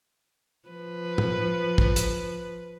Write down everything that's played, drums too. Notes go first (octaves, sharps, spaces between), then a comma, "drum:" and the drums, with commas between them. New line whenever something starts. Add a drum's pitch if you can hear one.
F3 B4
drum: tom
drum: kick
drum: hi-hat